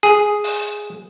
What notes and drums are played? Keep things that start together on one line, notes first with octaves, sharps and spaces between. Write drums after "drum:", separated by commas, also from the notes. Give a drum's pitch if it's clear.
G#4
drum: open hi-hat